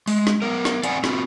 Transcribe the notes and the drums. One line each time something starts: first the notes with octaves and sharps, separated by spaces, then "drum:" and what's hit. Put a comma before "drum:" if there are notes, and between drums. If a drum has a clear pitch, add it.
G#3, drum: open hi-hat
drum: snare
B3 A#4
drum: snare
C4 D5 F#5 G#5, drum: hi-hat
C4 F4 F#4, drum: snare